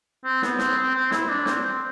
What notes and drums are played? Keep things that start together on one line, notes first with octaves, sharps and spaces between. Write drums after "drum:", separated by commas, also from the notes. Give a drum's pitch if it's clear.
C4
B3, drum: snare
C4, drum: snare
C4
C4
E4, drum: snare
D4
C4, drum: snare
C4